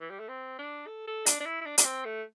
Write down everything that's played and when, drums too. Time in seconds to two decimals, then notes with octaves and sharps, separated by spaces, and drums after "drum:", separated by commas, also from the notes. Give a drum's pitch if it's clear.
0.01 E3
0.10 G3
0.19 A3
0.28 C4
0.59 D4
0.87 A4
1.07 A4
1.26 D4, drum: hi-hat
1.40 D4
1.46 E4
1.61 E4
1.66 D4
1.78 D4, drum: hi-hat
1.84 C4
2.05 A3